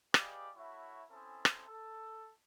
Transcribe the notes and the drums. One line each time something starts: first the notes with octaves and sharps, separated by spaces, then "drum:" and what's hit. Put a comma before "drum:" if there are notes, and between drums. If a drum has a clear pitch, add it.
G4 G#4 B4 D5 D#5 F5, drum: rim click
A3 E4 F#4 C#5 E5 B5
C4 C#4 E4 G#4 A4 C5
drum: rim click
A4